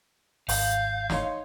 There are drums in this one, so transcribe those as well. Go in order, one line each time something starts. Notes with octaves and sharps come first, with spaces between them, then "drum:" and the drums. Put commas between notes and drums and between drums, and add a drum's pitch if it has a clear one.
G#1 F5 G6, drum: open hi-hat
D#4 C#5 C6, drum: snare